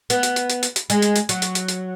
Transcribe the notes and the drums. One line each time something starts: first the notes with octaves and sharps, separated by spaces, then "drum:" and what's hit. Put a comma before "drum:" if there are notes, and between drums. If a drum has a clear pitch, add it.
B3, drum: hi-hat
drum: hi-hat
drum: hi-hat
drum: hi-hat
drum: hi-hat
drum: hi-hat
G#3, drum: hi-hat
drum: hi-hat
drum: hi-hat
F#3, drum: hi-hat
drum: hi-hat
drum: hi-hat
drum: hi-hat